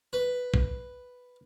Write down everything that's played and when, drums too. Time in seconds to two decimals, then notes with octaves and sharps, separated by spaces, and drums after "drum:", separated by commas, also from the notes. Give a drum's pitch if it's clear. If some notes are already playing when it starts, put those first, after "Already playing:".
0.13 B4
0.54 drum: kick